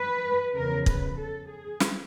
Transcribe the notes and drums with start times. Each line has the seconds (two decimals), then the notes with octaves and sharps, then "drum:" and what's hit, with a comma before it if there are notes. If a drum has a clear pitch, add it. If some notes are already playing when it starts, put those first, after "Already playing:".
Already playing: B4
0.56 E2 C#3 F3 A#4
0.86 B4, drum: kick
1.18 A4
1.49 G#4
1.80 drum: snare